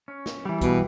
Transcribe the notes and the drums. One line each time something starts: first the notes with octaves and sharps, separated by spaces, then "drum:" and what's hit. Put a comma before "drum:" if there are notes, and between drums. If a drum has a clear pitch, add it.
C#4
drum: snare
E3 G3
B2, drum: kick, hi-hat